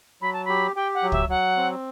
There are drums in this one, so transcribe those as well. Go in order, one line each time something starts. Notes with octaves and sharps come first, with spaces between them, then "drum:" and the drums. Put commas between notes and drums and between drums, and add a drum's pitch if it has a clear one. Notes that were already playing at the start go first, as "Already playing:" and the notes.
F#3 B5
A5
G4 B5
G4 G5
F#5
F#3
E5, drum: kick
F#3 F#5
C4